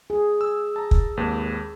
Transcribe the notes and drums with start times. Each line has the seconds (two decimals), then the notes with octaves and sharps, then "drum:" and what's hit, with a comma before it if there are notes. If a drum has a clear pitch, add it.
0.10 G#4
0.41 E6
0.76 A5 A#5
0.91 drum: kick
1.17 G#1 D#2 B4